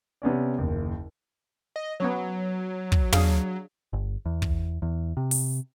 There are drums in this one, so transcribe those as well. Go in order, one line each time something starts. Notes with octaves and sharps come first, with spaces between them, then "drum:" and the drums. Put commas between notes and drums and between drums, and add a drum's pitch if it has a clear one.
C3 B3 C#4 D5
F#1 D#2
D#5
F#3 B3 C#4 C#5
drum: kick
D4 G#4 F5, drum: tom
G1
E2
drum: kick
E2
C3
drum: open hi-hat